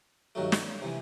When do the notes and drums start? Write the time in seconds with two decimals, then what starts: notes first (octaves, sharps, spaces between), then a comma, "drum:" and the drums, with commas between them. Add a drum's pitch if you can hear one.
0.35 G2 D#3 F#3 A3
0.52 drum: snare
0.82 C3 E3